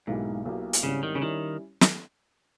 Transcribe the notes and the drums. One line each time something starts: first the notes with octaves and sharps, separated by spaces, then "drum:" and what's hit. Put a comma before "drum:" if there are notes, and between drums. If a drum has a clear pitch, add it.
B1 G#2 B2 A#3 E4 G4
B1 B2 A#3 E4 G4
drum: hi-hat
G#1 G#2 C#3 G3 C#4 E4
D#3
C#3
D#3 G3 C#4 E4
drum: snare